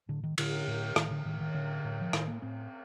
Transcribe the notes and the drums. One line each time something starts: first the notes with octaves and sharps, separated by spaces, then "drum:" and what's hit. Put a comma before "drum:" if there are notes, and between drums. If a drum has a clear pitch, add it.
A2 D3
D#3
A2 D3, drum: cymbal
A2
A2 D#3, drum: rim click
D3
A2 D#3
D#3
A2 D3
A2
F3
A2 D#3, drum: rim click
A#3
A2 C4